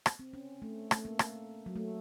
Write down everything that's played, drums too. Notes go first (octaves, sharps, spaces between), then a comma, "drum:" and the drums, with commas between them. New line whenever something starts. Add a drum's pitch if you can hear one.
drum: rim click
C4
C#4
A3
A3, drum: rim click
A#3
drum: rim click
F#3
A3